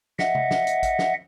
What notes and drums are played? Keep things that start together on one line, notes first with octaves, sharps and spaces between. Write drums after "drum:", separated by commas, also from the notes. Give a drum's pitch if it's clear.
D#5 E5 F#5, drum: snare
drum: tom C3
drum: snare
drum: hi-hat
drum: kick A1, hi-hat
drum: snare